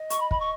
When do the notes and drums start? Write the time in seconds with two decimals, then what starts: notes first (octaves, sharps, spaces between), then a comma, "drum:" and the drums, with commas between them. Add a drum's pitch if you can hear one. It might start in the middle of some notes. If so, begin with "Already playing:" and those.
Already playing: D#5
0.10 C#6, drum: hi-hat
0.20 B5
0.31 B5, drum: kick
0.40 C#6